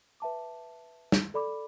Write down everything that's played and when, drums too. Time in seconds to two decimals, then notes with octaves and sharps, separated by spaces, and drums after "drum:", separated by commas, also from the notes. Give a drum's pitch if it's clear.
0.20 B4 E5 A5 D6
1.12 drum: snare
1.34 A4 D5 B5 D6